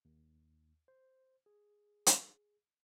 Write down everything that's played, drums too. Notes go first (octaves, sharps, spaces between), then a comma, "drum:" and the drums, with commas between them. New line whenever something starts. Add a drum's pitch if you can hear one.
D#2
C5
G#4
drum: hi-hat